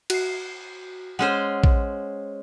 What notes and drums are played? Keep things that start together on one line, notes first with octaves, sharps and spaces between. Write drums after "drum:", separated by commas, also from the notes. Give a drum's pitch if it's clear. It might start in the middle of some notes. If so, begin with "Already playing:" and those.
F#4 C7, drum: cymbal
G#3 C#4 C5 F#5
drum: kick